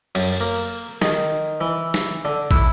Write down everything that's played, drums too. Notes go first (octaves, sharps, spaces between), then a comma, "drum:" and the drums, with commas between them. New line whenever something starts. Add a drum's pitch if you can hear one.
F#2, drum: cymbal
A#3
D#3, drum: snare
E3
drum: snare
D3
E4, drum: kick